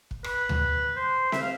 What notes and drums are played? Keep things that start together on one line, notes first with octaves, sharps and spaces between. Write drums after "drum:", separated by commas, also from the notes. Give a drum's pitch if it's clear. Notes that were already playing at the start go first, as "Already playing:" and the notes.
drum: kick
B4, drum: rim click
drum: tom D2
C5
E5, drum: snare C4
F5